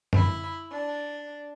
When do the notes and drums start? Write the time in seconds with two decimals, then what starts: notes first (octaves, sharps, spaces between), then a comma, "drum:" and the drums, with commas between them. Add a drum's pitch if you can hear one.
0.13 E4, drum: tom F#2
0.72 D4